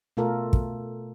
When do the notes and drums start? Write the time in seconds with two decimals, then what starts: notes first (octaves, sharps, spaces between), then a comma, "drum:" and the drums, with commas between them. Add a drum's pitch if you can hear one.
0.17 B2 A3 F4 A4 A#4
0.53 drum: kick